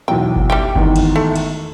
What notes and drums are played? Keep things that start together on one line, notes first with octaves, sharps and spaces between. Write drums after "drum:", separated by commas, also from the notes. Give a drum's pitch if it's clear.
B1 E2 F#3 G5
drum: kick G1
G3 G4 G5
G#1 E2 D#3, drum: kick G1
drum: cymbal
A3
drum: cymbal